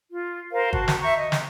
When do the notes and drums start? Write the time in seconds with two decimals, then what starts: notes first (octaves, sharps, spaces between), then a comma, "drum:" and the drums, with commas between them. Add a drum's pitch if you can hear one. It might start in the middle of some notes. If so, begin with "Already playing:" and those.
0.10 F4
0.51 A#4 C5 F5
0.73 F#4 A5, drum: kick
0.88 drum: snare
1.02 E5 A#5 C#6 G6
1.17 D#5
1.32 drum: snare